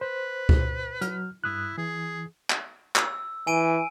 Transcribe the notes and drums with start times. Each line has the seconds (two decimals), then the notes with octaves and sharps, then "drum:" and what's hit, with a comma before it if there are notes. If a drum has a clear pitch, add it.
0.01 B4 C5
0.49 drum: kick C#2
1.01 F#3 F6, drum: hi-hat
1.44 G2 E4 D#6 F#6
1.78 E3 G#4
2.50 drum: clap
2.96 E6, drum: clap
3.47 E3 G#5 D7 D#7